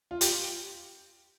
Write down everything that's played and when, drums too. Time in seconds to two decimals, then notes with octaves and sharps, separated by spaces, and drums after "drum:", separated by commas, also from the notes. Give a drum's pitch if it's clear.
0.11 F4
0.21 G4, drum: hi-hat